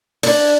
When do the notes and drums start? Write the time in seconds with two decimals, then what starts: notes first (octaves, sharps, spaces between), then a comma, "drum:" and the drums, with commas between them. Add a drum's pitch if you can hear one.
0.23 D4, drum: open hi-hat